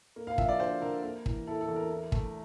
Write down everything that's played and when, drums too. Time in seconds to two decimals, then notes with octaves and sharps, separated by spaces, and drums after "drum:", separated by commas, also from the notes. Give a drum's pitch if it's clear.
0.16 A#3
0.27 F5
0.38 F3 E5, drum: kick
0.49 D5
0.60 D3 C5
0.82 D3 A#4
1.03 A#3
1.26 E3, drum: kick
1.47 E4 A4
1.61 A4
1.68 E2
1.76 A#4
1.90 E4
2.12 A3, drum: kick